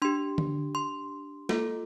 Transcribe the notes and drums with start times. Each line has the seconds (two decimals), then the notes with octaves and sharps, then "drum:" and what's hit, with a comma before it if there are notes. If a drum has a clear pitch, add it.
0.02 D4 G4 C6
0.38 drum: tom D3
0.75 C6
1.49 A#3 F4 A4, drum: snare